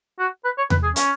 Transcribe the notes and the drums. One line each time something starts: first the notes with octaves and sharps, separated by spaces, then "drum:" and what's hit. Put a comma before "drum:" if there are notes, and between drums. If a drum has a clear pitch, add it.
F#4
B4
C#5
B4, drum: tom E2
G#4
C#4, drum: hi-hat